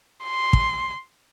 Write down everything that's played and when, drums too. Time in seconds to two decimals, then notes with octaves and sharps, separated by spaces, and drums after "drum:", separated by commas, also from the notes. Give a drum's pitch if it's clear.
0.24 C6
0.53 drum: kick